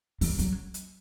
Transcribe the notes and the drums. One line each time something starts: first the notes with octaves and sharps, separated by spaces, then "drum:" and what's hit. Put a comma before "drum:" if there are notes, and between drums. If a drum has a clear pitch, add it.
E3, drum: open hi-hat
F#3, drum: hi-hat
drum: hi-hat